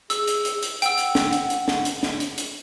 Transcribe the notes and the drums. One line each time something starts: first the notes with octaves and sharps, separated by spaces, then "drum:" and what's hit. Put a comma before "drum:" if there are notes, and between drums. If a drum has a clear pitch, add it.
G#4 E6, drum: hi-hat
drum: hi-hat
drum: hi-hat
drum: hi-hat
F#5 G5 E6, drum: hi-hat
drum: hi-hat
drum: snare
drum: hi-hat
drum: hi-hat
drum: snare
drum: hi-hat
drum: snare
drum: hi-hat
drum: hi-hat